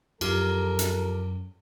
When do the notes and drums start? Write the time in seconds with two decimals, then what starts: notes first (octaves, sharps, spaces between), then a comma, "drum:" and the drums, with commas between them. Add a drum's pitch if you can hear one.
0.21 F#2 F3 F4 G4 A4 A#4 F6, drum: cymbal
0.79 drum: hi-hat